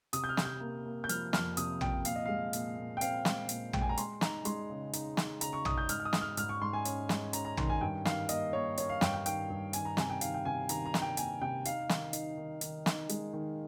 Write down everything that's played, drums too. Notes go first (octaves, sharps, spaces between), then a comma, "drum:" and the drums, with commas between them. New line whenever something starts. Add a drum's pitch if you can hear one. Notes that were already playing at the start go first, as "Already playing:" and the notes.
C3 D#6, drum: hi-hat
G6
F6
C3, drum: snare
G6
A#3
A#3
G6
F3 F6, drum: hi-hat
F2 F6, drum: snare
C3 D#6, drum: hi-hat
F2 G5, drum: tom
A#2 F5, drum: hi-hat
D#5
G#3 F5
A#2, drum: hi-hat
A#2
G5
C4 F5, drum: hi-hat
G#3, drum: snare
A#2, drum: hi-hat
G#3 G5, drum: tom
G#5
A#5
G#3 C6, drum: hi-hat
D#4 A#5, drum: snare
G#3 C6, drum: hi-hat
C#3
D#4, drum: hi-hat
D#4, drum: snare
C#3 A#5, drum: hi-hat
C#6
D#4 D#6, drum: tom
G6
G#2 F6, drum: hi-hat
F6
D#6
G#3, drum: snare
F6
G#2 F6, drum: hi-hat
C#6
G#2 C6
G#5
C#4, drum: hi-hat
G#3, drum: snare
C#4 A#5, drum: hi-hat
A#5
D#3 C6, drum: tom
G#5
G2 G5
D#3 F5, drum: snare
A#3 D#5, drum: hi-hat
A#3 C#5
A#3 C#5, drum: hi-hat
F5
G2 G5, drum: snare
G5
D#3 G5, drum: hi-hat
G2
D#3 G#5, drum: hi-hat
A#5
C3 G#5, drum: snare
G5
D#3 F5, drum: hi-hat
G5
C3 G#5
D#3 A#5, drum: hi-hat
A#5
D#3, drum: snare
G5
A#3 G#5, drum: hi-hat
C3 G5
D#4 F5, drum: hi-hat
D#3, drum: snare
D#4, drum: hi-hat
D#3
D#3, drum: hi-hat
D#4, drum: snare
G#3, drum: hi-hat
D#3